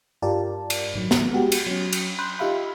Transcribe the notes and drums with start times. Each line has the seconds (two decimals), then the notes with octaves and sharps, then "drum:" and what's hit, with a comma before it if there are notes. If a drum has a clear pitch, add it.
0.22 G2 F4 G4 A#4 D5 A5
0.70 drum: cymbal
0.94 A1 D#3 F#3
1.11 drum: snare
1.31 G#3 B3 F#4 G4
1.52 drum: cymbal
1.67 F#3 C#4
1.93 drum: cymbal
2.19 B5 C6 F#6 G6
2.39 D#4 F4 G4 E5 F5 B5